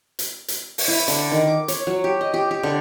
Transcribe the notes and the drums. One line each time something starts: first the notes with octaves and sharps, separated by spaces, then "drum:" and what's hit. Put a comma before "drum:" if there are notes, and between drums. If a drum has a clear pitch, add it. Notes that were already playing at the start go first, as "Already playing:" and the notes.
drum: hi-hat
drum: hi-hat
drum: open hi-hat
E4
D3, drum: hi-hat
D#3
D6
C#5, drum: hi-hat
F#3
G4
D#5
G4
G4
D3